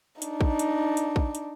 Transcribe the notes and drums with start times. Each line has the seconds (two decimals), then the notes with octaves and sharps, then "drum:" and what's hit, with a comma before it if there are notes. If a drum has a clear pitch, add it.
0.22 D4 D#4, drum: hi-hat
0.41 drum: kick
0.59 drum: hi-hat
0.97 drum: hi-hat
1.16 drum: kick
1.35 drum: hi-hat